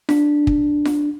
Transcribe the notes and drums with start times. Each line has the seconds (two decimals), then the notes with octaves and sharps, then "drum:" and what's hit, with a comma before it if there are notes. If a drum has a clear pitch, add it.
0.09 D4, drum: snare F4
0.47 drum: kick
0.85 drum: snare F4